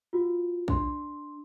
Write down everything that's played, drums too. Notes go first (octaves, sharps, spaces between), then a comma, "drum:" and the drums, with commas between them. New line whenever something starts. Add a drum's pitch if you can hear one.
F4 F#4
D4 C6, drum: kick A#1